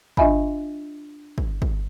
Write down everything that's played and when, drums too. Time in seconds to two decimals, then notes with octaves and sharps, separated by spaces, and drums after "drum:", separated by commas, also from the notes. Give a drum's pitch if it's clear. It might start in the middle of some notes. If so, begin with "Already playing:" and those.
0.17 D4 F4 D#5 E5 G#5 B5, drum: kick
1.38 drum: kick
1.62 drum: kick